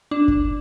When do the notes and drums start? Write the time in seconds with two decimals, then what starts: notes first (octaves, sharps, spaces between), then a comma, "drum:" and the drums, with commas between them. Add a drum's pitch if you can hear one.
0.11 D4
0.28 drum: kick F1